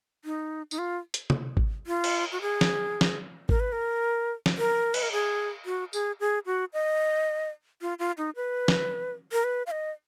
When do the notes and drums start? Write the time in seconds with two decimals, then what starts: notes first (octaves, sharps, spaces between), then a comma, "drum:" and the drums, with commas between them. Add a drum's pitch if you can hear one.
0.25 D#4
0.71 D#4, drum: tambourine
0.78 F4
1.14 drum: hi-hat
1.30 drum: tom
1.57 drum: kick G#1
1.87 F4
2.04 drum: cymbal
2.32 F#4
2.41 G#4
2.61 drum: snare
3.01 drum: snare
3.49 A#4, drum: kick G#1
3.60 B4
3.72 A#4
4.46 drum: snare
4.58 A#4
4.94 B4, drum: cymbal
5.03 A#4
5.12 G#4
5.66 F#4
5.93 G#4, drum: tambourine
6.20 G#4
6.46 F#4
6.73 D#5
7.81 F4
7.99 F4
8.18 D#4
8.36 B4
8.68 drum: snare
9.32 A#4
9.44 B4
9.66 F5
9.71 D#5